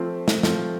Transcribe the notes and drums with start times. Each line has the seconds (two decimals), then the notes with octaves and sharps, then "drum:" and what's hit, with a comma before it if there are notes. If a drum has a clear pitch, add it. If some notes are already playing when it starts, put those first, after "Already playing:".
Already playing: F3 A3 C4 F4
0.28 drum: snare
0.43 F3 A3 C4 F4, drum: snare